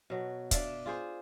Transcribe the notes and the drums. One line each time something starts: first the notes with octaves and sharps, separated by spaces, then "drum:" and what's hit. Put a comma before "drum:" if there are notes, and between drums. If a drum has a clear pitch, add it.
B2 F#3
D4 D5 E5 F5, drum: kick, hi-hat
F4 G#4 C5